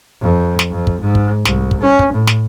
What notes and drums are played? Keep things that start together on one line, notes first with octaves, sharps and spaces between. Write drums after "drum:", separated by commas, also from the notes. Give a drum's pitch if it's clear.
F2
drum: snare
F2
drum: kick
G#2
drum: kick
C2, drum: snare
drum: kick
C#4
drum: kick
A2
drum: snare